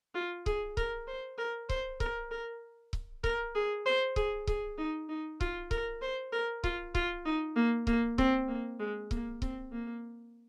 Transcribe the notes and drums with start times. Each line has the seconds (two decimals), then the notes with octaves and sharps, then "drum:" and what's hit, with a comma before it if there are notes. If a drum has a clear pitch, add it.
0.15 F4
0.46 G#4, drum: kick C#1
0.77 A#4, drum: kick C#1
1.07 C5
1.38 A#4
1.69 C5, drum: kick C#1
2.00 A#4, drum: kick C#1
2.31 A#4
2.93 drum: kick C#1
3.24 A#4, drum: kick C#1
3.55 G#4
3.86 C5
4.16 G#4, drum: kick C#1
4.47 G#4, drum: kick C#1
4.78 D#4
5.09 D#4
5.41 F4, drum: kick C#1
5.71 A#4, drum: kick C#1
6.02 C5
6.33 A#4
6.64 F4, drum: kick C#1
6.95 F4, drum: kick C#1
7.25 D#4
7.56 A#3
7.87 A#3, drum: kick C#1
8.18 C4, drum: kick C#1
8.48 A#3
8.79 G#3
9.11 A#3, drum: kick C#1
9.42 C4, drum: kick C#1
9.72 A#3